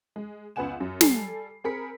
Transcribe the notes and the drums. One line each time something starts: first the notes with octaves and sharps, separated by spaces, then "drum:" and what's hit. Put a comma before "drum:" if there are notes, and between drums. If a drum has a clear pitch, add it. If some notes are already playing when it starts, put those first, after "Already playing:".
G#3
C#2 B3 B4 F#5 G#5 E7
F#2
G3 A4 G#5 C7, drum: snare
C4 G#4 A#4 B5 B6 C#7